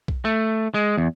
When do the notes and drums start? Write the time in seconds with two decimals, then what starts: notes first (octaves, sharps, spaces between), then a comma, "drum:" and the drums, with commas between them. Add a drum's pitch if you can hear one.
0.08 drum: kick B1
0.25 A3
0.74 G#3
0.97 E2